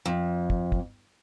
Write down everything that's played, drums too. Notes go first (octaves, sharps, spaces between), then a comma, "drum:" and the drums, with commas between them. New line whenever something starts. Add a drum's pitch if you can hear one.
F2
drum: kick
drum: kick